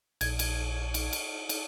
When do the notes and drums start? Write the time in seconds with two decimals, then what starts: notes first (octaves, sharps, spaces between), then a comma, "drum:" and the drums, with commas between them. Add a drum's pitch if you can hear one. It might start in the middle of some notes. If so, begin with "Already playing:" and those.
0.21 A#1 G#6, drum: cymbal
0.39 drum: cymbal
0.94 drum: cymbal
1.13 drum: cymbal
1.49 drum: cymbal